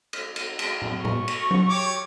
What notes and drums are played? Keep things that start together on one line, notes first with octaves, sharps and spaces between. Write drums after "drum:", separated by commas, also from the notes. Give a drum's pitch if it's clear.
drum: cymbal
drum: cymbal
drum: cymbal
drum: tom
C#6, drum: tom A2
drum: cymbal
drum: tom F#3
G4 C#5 D6